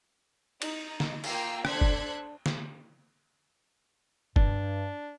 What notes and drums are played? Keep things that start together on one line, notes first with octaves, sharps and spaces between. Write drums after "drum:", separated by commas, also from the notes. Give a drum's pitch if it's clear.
D#4, drum: cymbal
drum: snare
A#3 F4 G5 A#5 E6 C7, drum: cymbal
D4 A4 C5 F#6 G#6 B6, drum: rim click
drum: kick
drum: snare
G2 D4, drum: kick